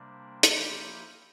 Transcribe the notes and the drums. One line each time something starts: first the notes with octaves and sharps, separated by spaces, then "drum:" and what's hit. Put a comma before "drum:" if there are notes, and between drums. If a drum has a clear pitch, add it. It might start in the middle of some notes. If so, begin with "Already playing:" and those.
Already playing: C3 G3 A#3 D4
F3 A#3 E4 G4, drum: hi-hat